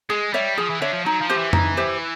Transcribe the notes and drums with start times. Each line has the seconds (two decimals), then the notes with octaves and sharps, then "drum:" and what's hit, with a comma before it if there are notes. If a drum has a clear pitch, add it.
0.10 G#3 G#4
0.33 G3 C#5 E5
0.57 F3 G#4
0.70 E3
0.82 D3 C#5 E5
0.94 F3
1.06 F#3 D#4
1.22 F3
1.30 G4 C5 E5
1.38 E3
1.53 D#4, drum: tom F2
1.77 G4 C5 E5